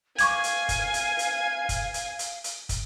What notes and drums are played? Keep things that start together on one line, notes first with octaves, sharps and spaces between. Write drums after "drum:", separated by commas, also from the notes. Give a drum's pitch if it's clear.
F5 G#5 C#6 D6 G#6, drum: hi-hat
drum: hi-hat
drum: kick, hi-hat
drum: hi-hat
drum: hi-hat
drum: kick, hi-hat
drum: hi-hat
drum: hi-hat
drum: hi-hat
drum: kick, hi-hat